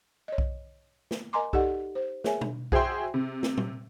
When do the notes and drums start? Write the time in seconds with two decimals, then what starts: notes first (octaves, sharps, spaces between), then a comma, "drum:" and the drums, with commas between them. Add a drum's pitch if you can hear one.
0.28 C#5 D#5
0.38 drum: kick B1
1.11 drum: snare
1.33 A#4 D#5 G#5 A#5 C6 D6
1.53 D#4 G4 A4 D5 D#5 F#5, drum: kick B1
1.95 C5
2.24 G#4 A#4 C#5 E5 G#5, drum: snare
2.41 drum: tom B2
2.72 F#4 G#4 C5 E5 G5 C6, drum: kick B1
3.14 C3
3.43 drum: snare
3.57 drum: tom A#2